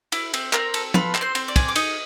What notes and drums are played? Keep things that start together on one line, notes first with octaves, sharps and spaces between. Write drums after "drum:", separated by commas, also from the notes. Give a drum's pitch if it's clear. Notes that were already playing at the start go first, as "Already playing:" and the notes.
E4, drum: cymbal
C4, drum: cymbal
C4 A#4 A#5, drum: clap
A4, drum: cymbal
F4 B4 B5, drum: tom
C4, drum: clap
C5 C6
C4, drum: cymbal
D5 D6
G#4, drum: kick, cymbal
D6
D#4 D#5 D#6, drum: cymbal